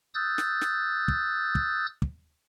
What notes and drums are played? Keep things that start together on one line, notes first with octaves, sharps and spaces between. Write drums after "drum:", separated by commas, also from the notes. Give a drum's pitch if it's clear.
D#6 E6 F#6 G6 A6
drum: snare
drum: snare
drum: kick
drum: kick
drum: kick